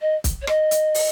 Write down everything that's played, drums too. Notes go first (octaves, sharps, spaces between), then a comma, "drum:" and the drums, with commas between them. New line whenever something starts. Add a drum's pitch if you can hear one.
D#5
drum: kick, hi-hat
C#5
D#5, drum: rim click
drum: hi-hat
drum: open hi-hat